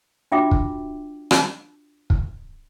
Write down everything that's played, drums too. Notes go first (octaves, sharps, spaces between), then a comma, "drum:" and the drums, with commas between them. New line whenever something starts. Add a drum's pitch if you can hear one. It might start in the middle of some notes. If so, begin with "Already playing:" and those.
D4 F4 F#4 E5 G5 D6
drum: kick
drum: rim click
drum: kick